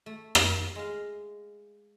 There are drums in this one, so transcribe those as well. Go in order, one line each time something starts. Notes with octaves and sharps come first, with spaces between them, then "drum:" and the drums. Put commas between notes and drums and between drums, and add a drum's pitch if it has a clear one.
A3
drum: rim click
G#3 F5